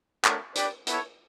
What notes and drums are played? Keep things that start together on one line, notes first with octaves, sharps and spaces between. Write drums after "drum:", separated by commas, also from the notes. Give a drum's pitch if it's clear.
A3 D4 F#4 A#4 C#5, drum: clap
D4 G4 B4 D5, drum: hi-hat
B3 E4 A4 C#5, drum: hi-hat